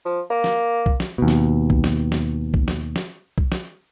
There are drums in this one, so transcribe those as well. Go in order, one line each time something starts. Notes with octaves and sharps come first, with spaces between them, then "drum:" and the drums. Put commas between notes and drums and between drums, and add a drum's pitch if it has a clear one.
F3
A#3
drum: snare
drum: kick B1
drum: snare
D#2 B2
drum: snare
drum: kick B1
drum: snare
drum: snare
drum: kick B1
drum: snare
drum: snare
drum: kick B1
drum: snare